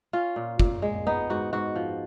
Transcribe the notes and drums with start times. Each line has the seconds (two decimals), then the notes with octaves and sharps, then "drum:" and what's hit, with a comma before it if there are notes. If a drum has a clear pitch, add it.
0.13 C#4 F4
0.36 A#2
0.59 A#2, drum: kick
0.82 G#3
1.07 B3 D#4
1.30 G#2 F#4
1.53 G#2 F#4
1.76 F3